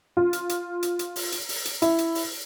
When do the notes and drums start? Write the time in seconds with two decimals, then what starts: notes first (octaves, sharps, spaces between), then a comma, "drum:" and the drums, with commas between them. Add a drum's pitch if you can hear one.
0.17 F4
0.33 drum: hi-hat
0.49 drum: hi-hat
0.83 drum: hi-hat
0.99 drum: hi-hat
1.16 drum: open hi-hat
1.32 drum: hi-hat
1.49 drum: open hi-hat
1.65 drum: hi-hat
1.82 E4, drum: hi-hat
1.98 drum: hi-hat
2.15 drum: open hi-hat